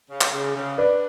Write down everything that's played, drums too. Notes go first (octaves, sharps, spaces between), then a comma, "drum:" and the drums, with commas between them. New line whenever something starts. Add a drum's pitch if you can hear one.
C#3
drum: clap
C#3
C#3
D4 B4 D5